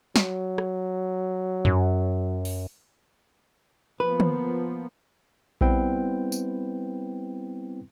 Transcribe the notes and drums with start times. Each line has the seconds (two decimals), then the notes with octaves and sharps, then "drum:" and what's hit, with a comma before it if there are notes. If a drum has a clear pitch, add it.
0.16 F#3, drum: snare
0.58 drum: rim click
1.65 F#2, drum: tom F#2
2.45 drum: open hi-hat
4.00 F3 A#3 B3 B4
4.20 drum: tom
5.61 G3 B3 C4 E4 B4 G5, drum: kick A#1
6.32 drum: tambourine